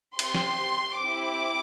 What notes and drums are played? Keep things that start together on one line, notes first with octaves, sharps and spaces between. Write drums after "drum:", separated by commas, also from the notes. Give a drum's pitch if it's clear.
C4 G4 C6, drum: cymbal
drum: snare
C4 E4 G4 D6